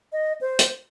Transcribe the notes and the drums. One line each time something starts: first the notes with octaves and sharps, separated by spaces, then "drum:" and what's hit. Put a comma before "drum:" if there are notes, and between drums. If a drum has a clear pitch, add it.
D#5
C5
drum: hi-hat